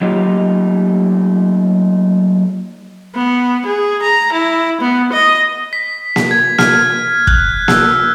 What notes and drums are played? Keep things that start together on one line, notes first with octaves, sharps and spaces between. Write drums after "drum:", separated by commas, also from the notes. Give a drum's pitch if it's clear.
F#3 A3 A#3 D#4 F4 G4
B3
G#4
A#5
E4
B3
D#5
B6
drum: snare A#3
G#6
F6, drum: snare A#3
F#6, drum: kick
E6, drum: snare A#3